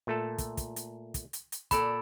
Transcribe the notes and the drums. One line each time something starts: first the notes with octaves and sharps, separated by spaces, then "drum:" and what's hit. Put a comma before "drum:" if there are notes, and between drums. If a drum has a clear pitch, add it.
A#2 A3 A4
drum: kick, hi-hat
drum: kick, hi-hat
drum: hi-hat
drum: kick, hi-hat
drum: hi-hat
drum: hi-hat
A#2 A4 D5 B5, drum: kick, hi-hat